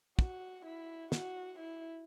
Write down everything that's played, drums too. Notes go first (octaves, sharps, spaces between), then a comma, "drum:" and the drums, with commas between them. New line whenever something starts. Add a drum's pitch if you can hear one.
F#4, drum: kick
E4
F#4, drum: snare
E4